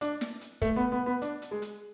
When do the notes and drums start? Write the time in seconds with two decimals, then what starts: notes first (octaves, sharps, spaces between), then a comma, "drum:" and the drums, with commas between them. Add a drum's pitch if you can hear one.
0.01 D4, drum: hi-hat
0.21 drum: snare
0.41 drum: hi-hat
0.62 A3, drum: kick, hi-hat
0.76 B3
0.92 B3
1.06 B3
1.22 D4, drum: hi-hat
1.42 drum: hi-hat
1.51 G#3
1.62 drum: hi-hat